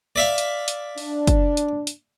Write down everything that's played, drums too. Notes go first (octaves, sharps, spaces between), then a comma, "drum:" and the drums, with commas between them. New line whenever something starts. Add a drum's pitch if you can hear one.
D5 E5 F5
drum: hi-hat
drum: hi-hat
D4, drum: open hi-hat
drum: kick, hi-hat
drum: hi-hat
drum: hi-hat